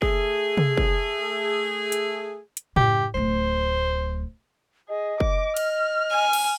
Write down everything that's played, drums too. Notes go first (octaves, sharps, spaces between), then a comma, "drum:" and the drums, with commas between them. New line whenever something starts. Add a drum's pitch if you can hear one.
A3 G#4, drum: kick
drum: tom C3
drum: kick
drum: hi-hat
drum: hi-hat
F#2 C#3 G4, drum: tom A2
D1 A3 C5
G#4 D#5
D6, drum: kick
F6, drum: cymbal
G#5
drum: cymbal